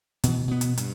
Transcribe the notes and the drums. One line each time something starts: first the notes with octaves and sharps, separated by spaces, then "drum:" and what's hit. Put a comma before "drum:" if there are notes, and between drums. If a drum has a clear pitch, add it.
B2 E3, drum: hi-hat
B2 B3
drum: hi-hat
G2, drum: hi-hat